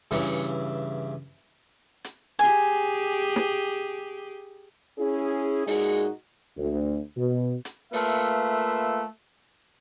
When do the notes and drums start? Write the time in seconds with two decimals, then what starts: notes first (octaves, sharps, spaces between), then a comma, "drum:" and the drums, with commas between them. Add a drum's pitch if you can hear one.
0.11 G2 C#3 E3, drum: open hi-hat
2.04 drum: hi-hat
2.39 G4 G#4 G#5
3.36 drum: snare
4.99 C#4 E4 G#4
5.67 A#2 G#3 D#4 F#4 G#4, drum: open hi-hat
6.58 D2
7.17 B2
7.65 drum: hi-hat
7.93 A3 A#3 F4 B4 E5, drum: open hi-hat